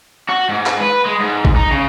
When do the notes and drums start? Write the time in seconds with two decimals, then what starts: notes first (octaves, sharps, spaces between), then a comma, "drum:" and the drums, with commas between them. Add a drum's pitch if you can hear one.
0.29 F#4
0.49 G#2
0.66 drum: clap
0.81 B4
1.06 G#3
1.20 G#2
1.45 drum: kick G#1
1.56 D#4
1.71 C#3